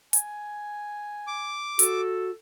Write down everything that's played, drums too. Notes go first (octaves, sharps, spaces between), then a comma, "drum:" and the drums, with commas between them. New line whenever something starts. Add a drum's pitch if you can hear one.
G#5, drum: hi-hat
D6
F#4 A4, drum: hi-hat